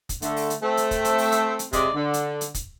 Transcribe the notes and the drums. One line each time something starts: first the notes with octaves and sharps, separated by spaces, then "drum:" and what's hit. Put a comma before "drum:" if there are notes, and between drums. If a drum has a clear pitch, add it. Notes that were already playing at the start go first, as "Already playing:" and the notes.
drum: kick, hi-hat
D3 A3, drum: hi-hat
drum: open hi-hat
drum: hi-hat
A3 C4
drum: hi-hat
drum: kick, hi-hat
drum: hi-hat
drum: open hi-hat
drum: hi-hat
drum: hi-hat
C3 G#3 D5 D#5, drum: kick, hi-hat
D3
drum: hi-hat
drum: hi-hat
drum: kick, hi-hat